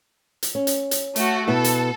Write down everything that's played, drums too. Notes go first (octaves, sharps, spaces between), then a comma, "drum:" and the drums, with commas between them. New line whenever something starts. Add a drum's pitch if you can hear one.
drum: hi-hat
C#4
drum: hi-hat
drum: hi-hat
A3 F#4, drum: hi-hat
B2 B3 E4 A4
drum: hi-hat